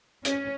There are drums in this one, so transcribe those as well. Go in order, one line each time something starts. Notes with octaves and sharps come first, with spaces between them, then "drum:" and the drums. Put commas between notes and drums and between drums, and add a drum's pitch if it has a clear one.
C#4, drum: hi-hat